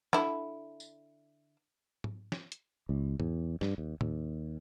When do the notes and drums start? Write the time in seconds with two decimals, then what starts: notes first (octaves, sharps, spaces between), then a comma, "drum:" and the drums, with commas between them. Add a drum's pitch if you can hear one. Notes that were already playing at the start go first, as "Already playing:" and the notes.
0.13 D3 E4, drum: snare
0.80 drum: tambourine
2.04 drum: tom G#2
2.32 drum: snare
2.52 drum: hi-hat
2.89 C#2
3.20 E2, drum: tom G#2
3.61 G2, drum: snare
3.78 D#2
4.01 D#2, drum: tom A2